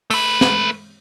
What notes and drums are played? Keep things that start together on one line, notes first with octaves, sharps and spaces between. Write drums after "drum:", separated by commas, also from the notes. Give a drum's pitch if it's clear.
A3 B4, drum: open hi-hat
drum: snare